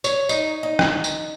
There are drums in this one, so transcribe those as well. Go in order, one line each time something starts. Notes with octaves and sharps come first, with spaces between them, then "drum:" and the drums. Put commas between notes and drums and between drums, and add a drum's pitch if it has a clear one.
C#5, drum: tambourine
D#4, drum: tambourine
D#4
drum: rim click
drum: tambourine